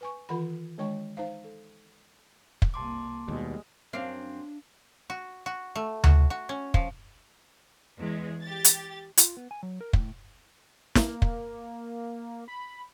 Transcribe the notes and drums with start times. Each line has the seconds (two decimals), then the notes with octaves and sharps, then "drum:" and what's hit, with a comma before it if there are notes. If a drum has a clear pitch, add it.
0.01 B4 G#5 C#6
0.29 D#3 E3 F4 F#5 B5
0.78 D#3 G#3 D4 C#5 G5 C#6
1.17 D#4 C5 F5
1.44 A4
2.62 drum: kick
2.74 C2 A#3 A5 C6 D6
3.28 D#2 B2 G3 G#3
3.93 F#2 C4 D4 C#5 F5
5.10 F#4
5.46 F#4
5.75 A3
6.04 F#4, drum: tom D2
6.30 F#4
6.49 C#4
6.74 F3, drum: kick
7.99 E2 G#3
8.43 G4 A6
8.64 drum: hi-hat
9.17 F4, drum: hi-hat
9.37 B3
9.51 G#5
9.63 F#3
9.81 A#4
9.93 A2, drum: kick
10.95 A#3, drum: snare
11.22 drum: kick
12.48 B5